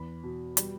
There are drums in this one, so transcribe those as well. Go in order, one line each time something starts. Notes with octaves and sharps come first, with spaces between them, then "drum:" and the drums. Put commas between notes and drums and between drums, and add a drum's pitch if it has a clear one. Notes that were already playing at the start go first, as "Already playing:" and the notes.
Already playing: E2 B5
B2
G3, drum: hi-hat